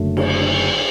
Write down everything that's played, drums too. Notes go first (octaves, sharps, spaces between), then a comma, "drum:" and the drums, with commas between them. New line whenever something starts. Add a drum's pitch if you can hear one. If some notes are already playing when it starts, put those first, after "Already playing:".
Already playing: F#1 F#2 D3 F#3 A3
drum: cymbal